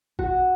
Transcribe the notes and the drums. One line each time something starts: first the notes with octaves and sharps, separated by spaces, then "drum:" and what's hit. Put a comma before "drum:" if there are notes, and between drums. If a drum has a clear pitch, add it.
F#4, drum: kick